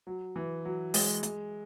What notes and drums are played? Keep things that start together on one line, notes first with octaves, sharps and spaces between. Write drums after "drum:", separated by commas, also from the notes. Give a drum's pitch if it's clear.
F#3
E3
F#3
G#3, drum: open hi-hat
G#3, drum: hi-hat